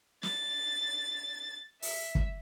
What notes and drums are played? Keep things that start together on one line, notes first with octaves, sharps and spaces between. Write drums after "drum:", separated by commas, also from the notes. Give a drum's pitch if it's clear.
A6, drum: snare
E5, drum: open hi-hat
drum: kick